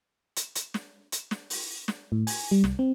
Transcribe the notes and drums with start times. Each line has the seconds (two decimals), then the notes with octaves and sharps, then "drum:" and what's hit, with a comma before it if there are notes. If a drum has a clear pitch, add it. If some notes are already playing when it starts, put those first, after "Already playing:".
0.36 drum: hi-hat
0.55 drum: hi-hat
0.74 drum: snare
1.12 drum: hi-hat
1.31 drum: snare
1.50 drum: open hi-hat
1.88 drum: snare
2.12 A2
2.27 G#5, drum: open hi-hat
2.51 G3
2.64 C2, drum: snare
2.79 C4